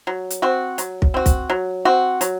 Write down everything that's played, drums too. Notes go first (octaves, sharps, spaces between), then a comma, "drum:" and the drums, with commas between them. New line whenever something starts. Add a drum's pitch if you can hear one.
F#3
drum: hi-hat
C4 F#4
F#3, drum: hi-hat
drum: kick
C4 F#4
drum: kick, hi-hat
F#3
C4 F#4
F#3, drum: hi-hat